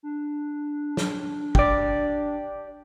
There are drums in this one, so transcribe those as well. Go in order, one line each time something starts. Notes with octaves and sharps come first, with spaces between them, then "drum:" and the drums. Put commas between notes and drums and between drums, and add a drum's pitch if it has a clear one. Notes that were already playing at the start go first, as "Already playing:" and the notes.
D4
drum: snare
G4 D5, drum: kick